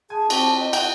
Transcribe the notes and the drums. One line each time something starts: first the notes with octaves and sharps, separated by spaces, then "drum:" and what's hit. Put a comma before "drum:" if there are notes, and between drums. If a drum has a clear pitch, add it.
G#4 G#5 A5
C4 F#4 G4 A5, drum: cymbal
D#5
E5 F#5 G5, drum: cymbal